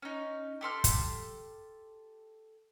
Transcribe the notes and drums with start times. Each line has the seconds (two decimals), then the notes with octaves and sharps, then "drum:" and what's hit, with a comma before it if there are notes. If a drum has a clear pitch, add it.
0.02 C#4 D#4
0.61 G4 A4 C6 F6
0.84 drum: kick, hi-hat